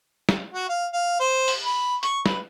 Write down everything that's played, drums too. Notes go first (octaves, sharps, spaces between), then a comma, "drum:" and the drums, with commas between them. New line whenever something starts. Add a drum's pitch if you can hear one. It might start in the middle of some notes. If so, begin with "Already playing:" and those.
drum: snare
F#4
F5
F5
C5
drum: open hi-hat
B5
C#6, drum: hi-hat
B4, drum: snare